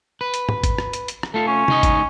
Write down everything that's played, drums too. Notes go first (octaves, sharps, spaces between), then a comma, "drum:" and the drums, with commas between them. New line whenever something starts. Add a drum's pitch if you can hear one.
B4
drum: hi-hat
drum: tom
drum: kick G#1, hi-hat
drum: rim click
drum: hi-hat
drum: hi-hat
drum: rim click
A3 F4 A4
C#4
C#2 D#4 D#5, drum: tom
drum: kick G#1, hi-hat